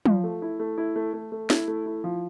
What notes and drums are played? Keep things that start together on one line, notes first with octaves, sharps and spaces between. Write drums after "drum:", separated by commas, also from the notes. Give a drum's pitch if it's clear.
F3, drum: tom
A3
E4
A3
E4
A3
A3
A3
E4, drum: snare
A3
E4
F3